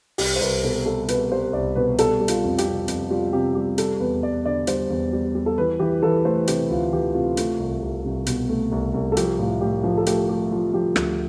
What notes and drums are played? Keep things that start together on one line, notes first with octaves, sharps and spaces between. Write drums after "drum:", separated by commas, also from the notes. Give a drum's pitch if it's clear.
C2 G4, drum: open hi-hat
C5
C2 B4
B2 A4
G3 A4
B2 B4, drum: hi-hat
G3 C5
C2 D5
B2 B4
G3 A4, drum: hi-hat
G3
F4, drum: hi-hat
F2
G4, drum: hi-hat
C3
F2, drum: hi-hat
G3 F4
C3 G4
G3 G4
G3 A4, drum: hi-hat
E2 B4
G3 D5
D3 D5
G3 C5, drum: hi-hat
E2
G3
G3
A4
E3 B4
E3 G4
E3 A4
A3 C5
C3 G4, drum: hi-hat
D2 F4
E3 G4
C3 F4
A3 F4, drum: hi-hat
C2
C2
C2
B2, drum: hi-hat
A3
C2
C2
A4
F3 G4, drum: hi-hat
A2 F4
A2 G4
F3
A4
A3 G4, drum: hi-hat
A3 G4
F3 F4
F3 G4
D2, drum: rim click